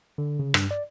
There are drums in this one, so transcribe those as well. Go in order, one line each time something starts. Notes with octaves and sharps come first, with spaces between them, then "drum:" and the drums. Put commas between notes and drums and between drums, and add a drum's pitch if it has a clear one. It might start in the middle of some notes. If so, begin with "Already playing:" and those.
D3
C#3
G2, drum: rim click
D5